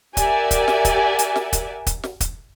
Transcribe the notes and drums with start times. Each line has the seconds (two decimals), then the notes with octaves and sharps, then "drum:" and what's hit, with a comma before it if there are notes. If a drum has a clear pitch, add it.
0.17 G4 A#4 D5 E5 F#5 G#5, drum: kick, hi-hat
0.51 drum: kick, hi-hat
0.68 drum: snare
0.85 drum: kick, hi-hat
1.19 drum: hi-hat
1.36 drum: snare
1.53 drum: kick, hi-hat
1.87 drum: kick, hi-hat
2.03 drum: snare
2.20 drum: kick, hi-hat